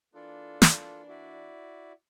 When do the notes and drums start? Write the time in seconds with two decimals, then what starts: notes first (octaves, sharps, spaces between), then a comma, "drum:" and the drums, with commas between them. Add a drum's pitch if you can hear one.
0.14 E3 A#3 D4 F4 A4
0.62 drum: snare
1.09 E4 F#4 D5